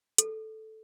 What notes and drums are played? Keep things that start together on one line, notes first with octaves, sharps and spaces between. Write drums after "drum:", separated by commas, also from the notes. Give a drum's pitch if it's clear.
A4, drum: hi-hat